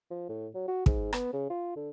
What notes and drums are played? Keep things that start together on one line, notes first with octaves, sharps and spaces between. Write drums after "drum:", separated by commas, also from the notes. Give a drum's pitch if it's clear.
F3
A2
F#3
F#4
G#2, drum: kick
B3, drum: rim click
C#3
F4
D3